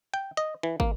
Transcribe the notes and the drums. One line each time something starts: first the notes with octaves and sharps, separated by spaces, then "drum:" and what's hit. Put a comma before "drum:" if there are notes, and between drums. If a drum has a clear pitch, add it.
G5
D#5
E3
A#3, drum: kick